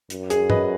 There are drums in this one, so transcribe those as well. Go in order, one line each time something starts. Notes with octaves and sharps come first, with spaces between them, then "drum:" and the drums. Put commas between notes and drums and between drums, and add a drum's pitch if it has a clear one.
F#2, drum: hi-hat
G#4, drum: hi-hat
B4 D#5, drum: tom G2